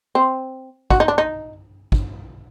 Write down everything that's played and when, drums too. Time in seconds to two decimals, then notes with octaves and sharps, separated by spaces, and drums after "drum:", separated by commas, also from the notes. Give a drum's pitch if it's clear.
0.15 C4
0.90 F#4, drum: kick
1.00 D#4
1.08 D4
1.18 D#4
1.92 drum: kick